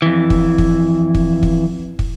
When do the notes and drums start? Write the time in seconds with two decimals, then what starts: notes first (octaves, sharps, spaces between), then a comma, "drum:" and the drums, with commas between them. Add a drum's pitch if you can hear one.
0.02 F2 E3
0.30 drum: kick
0.58 drum: kick
1.15 drum: kick
1.43 drum: kick
1.99 drum: kick